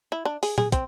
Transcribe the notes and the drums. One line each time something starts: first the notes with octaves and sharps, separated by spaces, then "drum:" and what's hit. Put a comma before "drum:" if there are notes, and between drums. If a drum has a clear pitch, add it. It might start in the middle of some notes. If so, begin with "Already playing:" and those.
E4
D4
G#4, drum: open hi-hat
G#4, drum: tom A#2
C4, drum: kick, hi-hat